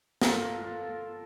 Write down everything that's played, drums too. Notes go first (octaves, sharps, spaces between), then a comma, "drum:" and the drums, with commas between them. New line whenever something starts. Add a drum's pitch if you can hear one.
F4 A4 A#4, drum: snare